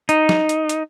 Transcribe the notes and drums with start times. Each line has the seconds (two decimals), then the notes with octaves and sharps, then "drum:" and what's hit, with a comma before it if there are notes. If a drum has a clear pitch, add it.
0.09 D#4, drum: hi-hat
0.29 drum: snare
0.49 drum: hi-hat
0.69 drum: hi-hat